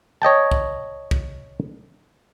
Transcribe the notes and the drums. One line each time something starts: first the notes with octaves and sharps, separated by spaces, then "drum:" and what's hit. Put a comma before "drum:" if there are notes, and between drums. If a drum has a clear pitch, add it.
C#5 D#5 G5 A5
drum: kick
drum: kick